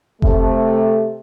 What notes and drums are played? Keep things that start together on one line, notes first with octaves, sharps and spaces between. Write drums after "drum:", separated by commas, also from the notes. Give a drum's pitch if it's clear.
C3 A3, drum: kick F#1